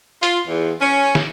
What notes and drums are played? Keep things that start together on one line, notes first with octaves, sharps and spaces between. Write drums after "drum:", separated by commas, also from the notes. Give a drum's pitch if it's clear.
F4, drum: hi-hat
E2
C#4
drum: snare